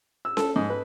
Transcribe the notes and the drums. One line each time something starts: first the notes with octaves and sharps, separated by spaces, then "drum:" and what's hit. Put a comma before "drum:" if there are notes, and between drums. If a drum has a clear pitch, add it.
E6
A4, drum: snare C#4
G#2
B4